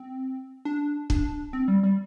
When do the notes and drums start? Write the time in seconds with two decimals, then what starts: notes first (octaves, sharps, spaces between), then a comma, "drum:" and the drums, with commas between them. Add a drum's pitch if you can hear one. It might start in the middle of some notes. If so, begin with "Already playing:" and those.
Already playing: C4
0.65 D4
1.10 D4, drum: kick
1.53 C4
1.68 G3
1.83 G3